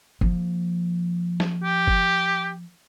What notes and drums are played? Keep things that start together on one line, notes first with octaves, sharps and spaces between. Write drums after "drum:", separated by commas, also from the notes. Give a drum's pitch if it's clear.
F3 A#3, drum: kick
drum: snare
G4
drum: kick